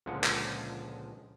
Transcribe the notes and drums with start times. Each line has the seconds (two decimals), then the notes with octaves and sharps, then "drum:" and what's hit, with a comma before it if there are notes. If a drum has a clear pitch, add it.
0.06 C#2 A#2 D3 F3 G#3 F#5
0.24 drum: clap